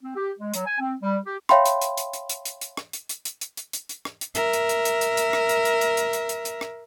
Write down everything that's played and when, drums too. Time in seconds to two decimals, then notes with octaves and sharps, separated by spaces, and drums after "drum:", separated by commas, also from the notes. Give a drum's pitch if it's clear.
0.02 C4
0.16 G4
0.39 G#3
0.54 F#3, drum: hi-hat
0.66 G#5
0.80 C4
1.01 G3
1.25 G4
1.49 C#5 E5 F5 G5 B5 C6, drum: rim click
1.65 drum: hi-hat
1.81 drum: hi-hat
1.97 drum: hi-hat
2.13 drum: hi-hat
2.29 drum: hi-hat
2.45 drum: hi-hat
2.61 drum: hi-hat
2.77 drum: rim click
2.93 drum: hi-hat
3.09 drum: hi-hat
3.25 drum: hi-hat
3.41 drum: hi-hat
3.57 drum: hi-hat
3.73 drum: hi-hat
3.89 drum: hi-hat
4.05 drum: rim click
4.21 drum: hi-hat
4.35 A#4 E5, drum: hi-hat
4.53 drum: hi-hat
4.69 drum: hi-hat
4.85 drum: hi-hat
5.01 drum: hi-hat
5.17 drum: hi-hat
5.33 drum: rim click
5.49 drum: hi-hat
5.65 drum: hi-hat
5.81 drum: hi-hat
5.97 drum: hi-hat
6.13 drum: hi-hat
6.29 drum: hi-hat
6.45 drum: hi-hat
6.61 drum: rim click